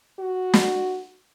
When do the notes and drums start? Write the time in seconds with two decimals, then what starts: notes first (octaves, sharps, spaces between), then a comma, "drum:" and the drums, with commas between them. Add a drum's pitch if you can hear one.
0.19 F#4
0.53 drum: snare